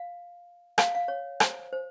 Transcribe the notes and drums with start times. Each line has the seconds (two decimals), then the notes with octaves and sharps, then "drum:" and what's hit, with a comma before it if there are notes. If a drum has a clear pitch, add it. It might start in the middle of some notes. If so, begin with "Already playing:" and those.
Already playing: F5
0.78 F5, drum: rim click
0.95 F5
1.08 C#5
1.40 C5, drum: rim click
1.72 C5